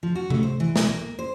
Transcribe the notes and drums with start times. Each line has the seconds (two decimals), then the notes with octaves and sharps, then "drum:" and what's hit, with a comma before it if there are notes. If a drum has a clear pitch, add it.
0.03 F3
0.15 F#4
0.30 A3, drum: tom C3
0.43 C5
0.60 E3
0.76 B2, drum: snare
0.89 A#3
1.19 C5